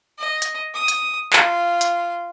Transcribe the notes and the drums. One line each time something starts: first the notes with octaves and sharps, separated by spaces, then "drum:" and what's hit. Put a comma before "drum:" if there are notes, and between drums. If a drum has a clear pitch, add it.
D#5
drum: hi-hat
D#6
drum: hi-hat
F4, drum: clap
drum: hi-hat